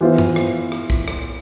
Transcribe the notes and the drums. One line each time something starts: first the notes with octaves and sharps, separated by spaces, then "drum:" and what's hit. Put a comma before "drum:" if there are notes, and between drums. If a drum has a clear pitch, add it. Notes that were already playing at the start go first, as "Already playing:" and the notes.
E3 B3 F4 C5 E5
drum: tom
drum: rim click
drum: rim click
drum: kick
drum: rim click